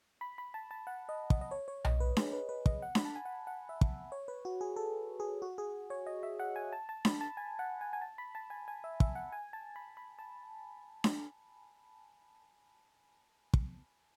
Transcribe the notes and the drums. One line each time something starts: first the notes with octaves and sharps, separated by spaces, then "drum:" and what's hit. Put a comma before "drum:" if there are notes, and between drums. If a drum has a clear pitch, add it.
B5
B5
A5
A5
F#5
D#5
D#5, drum: kick
D#5
C#5
C#5
D#5, drum: tom B1
B4
G#4, drum: snare D4
B4
B4
D#5, drum: kick
F#5
B5, drum: snare D4
A5
G#5
F#5
F#5
E5
drum: kick
C#5
B4
F#4
G#4
A4
G#4
F#4
G#4
C#5
D#5
E5
F#5
G#5
A5
A5
B5, drum: snare D4
A5
G#5
F#5
G#5
G#5
A5
B5
A5
G#5
G#5
E5
E5, drum: kick
F#5
G#5
A5
B5
B5
A5
drum: snare D4
drum: kick